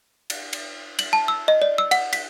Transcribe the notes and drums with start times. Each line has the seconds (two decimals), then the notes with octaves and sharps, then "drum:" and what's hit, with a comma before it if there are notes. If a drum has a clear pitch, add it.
0.30 drum: cymbal
0.53 drum: cymbal
0.99 F#7, drum: cymbal
1.13 A5
1.28 E6
1.48 D#5
1.62 D5
1.78 E6
1.91 F#5, drum: cymbal
2.13 B6, drum: cymbal